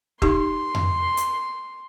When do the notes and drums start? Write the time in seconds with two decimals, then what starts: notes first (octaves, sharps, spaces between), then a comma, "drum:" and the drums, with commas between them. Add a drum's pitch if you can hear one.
0.22 D#4 G4 C6, drum: kick
0.75 drum: tom F2
1.17 drum: hi-hat